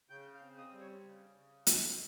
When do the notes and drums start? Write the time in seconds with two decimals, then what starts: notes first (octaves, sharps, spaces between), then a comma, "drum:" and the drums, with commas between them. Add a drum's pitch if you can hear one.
0.10 C#3 G5
0.34 F5
0.42 C4
0.58 D#5
0.73 G3
0.80 C#5
1.04 C#3
1.36 C#3
1.67 C4, drum: hi-hat